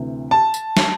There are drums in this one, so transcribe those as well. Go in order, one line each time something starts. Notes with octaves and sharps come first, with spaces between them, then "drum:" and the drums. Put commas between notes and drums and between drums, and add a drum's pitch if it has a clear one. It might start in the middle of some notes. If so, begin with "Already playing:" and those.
Already playing: D2 C3 E3
A5
drum: tambourine
drum: snare